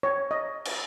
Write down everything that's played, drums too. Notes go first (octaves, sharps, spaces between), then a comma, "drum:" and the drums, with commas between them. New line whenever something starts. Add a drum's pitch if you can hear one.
C#5
D#5
drum: cymbal